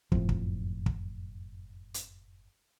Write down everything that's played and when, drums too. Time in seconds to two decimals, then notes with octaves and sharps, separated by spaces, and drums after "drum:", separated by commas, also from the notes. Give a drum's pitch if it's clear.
0.12 F#1 F2 A2 F3, drum: kick
0.29 drum: kick
0.86 drum: kick
1.94 drum: hi-hat